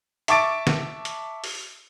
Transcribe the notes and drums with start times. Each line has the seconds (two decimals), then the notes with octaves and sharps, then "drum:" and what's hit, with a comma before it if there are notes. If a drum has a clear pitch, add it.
0.28 E5 A5 C#6 D6 A6 D7, drum: hi-hat
0.67 drum: snare
1.05 drum: hi-hat
1.44 drum: open hi-hat